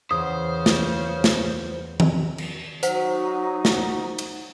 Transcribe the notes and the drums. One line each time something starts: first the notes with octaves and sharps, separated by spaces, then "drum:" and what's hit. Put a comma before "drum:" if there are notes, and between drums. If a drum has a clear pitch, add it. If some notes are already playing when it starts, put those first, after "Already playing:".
E2 C#3 C5 D#6
drum: snare
drum: snare
drum: tom D#3
drum: cymbal
F#3 D#4 C5 F#5, drum: hi-hat
drum: snare
drum: cymbal